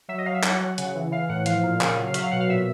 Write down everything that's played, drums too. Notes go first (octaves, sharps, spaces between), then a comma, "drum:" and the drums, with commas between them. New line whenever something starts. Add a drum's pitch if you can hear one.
F#3 E5
D#5
F#3 F5
E5
F#3 F#5, drum: clap
F#3
C#3, drum: hi-hat
E3
E3 F5
A2 F#5
F3 F5, drum: hi-hat
A#2
C#3, drum: clap
F#3
F5
F#3 E5, drum: hi-hat
F5
B2 F#5
F5
A#2 E5